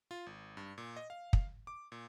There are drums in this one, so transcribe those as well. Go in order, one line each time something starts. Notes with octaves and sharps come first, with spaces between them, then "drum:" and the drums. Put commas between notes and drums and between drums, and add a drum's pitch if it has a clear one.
F4
G#1
G2
A#2
D#5
F5
drum: kick
D6
A#2